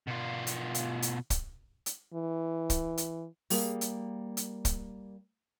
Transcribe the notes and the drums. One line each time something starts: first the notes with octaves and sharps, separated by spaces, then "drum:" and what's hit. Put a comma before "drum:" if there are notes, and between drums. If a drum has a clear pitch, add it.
B2 F4
drum: hi-hat
drum: hi-hat
drum: hi-hat
drum: kick, hi-hat
drum: hi-hat
E3
drum: kick, hi-hat
drum: hi-hat
G3 A#3 G#4 A#4 F5, drum: open hi-hat
drum: hi-hat
drum: hi-hat
drum: kick, hi-hat